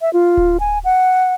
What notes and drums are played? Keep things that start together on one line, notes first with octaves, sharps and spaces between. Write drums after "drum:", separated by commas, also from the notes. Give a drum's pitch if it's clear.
E5
F4
drum: kick D1
G#5
F#5